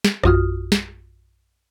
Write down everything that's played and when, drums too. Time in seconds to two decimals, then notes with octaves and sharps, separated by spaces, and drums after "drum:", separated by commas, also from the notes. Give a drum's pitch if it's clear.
0.05 drum: snare
0.24 A#1 F#2 F4 F#4 D#6 F6, drum: rim click
0.72 drum: snare